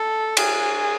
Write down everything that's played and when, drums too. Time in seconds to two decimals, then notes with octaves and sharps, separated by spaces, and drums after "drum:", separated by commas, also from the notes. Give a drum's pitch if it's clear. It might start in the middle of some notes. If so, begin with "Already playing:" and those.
Already playing: A4
0.37 G#4, drum: cymbal